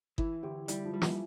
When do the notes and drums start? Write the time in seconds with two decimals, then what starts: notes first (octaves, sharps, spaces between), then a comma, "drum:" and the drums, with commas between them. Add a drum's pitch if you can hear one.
0.18 E3 E4, drum: kick G1
0.43 D2 G4
0.68 G3 E4, drum: hi-hat
0.85 F3
0.94 G3
1.02 E3, drum: snare